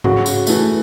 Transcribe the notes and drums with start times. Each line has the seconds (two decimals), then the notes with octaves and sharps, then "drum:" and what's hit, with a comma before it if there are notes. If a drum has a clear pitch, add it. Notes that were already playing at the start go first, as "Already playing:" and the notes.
0.04 C#3 F#4, drum: tom G#2
0.26 drum: tambourine
0.47 E3 A3, drum: tambourine